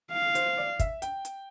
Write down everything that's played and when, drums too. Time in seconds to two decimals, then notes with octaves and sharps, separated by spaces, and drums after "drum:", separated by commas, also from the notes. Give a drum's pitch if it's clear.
0.12 F5
0.35 C5, drum: hi-hat
0.57 D5
0.79 E5, drum: kick, hi-hat
1.02 G5, drum: hi-hat
1.25 drum: hi-hat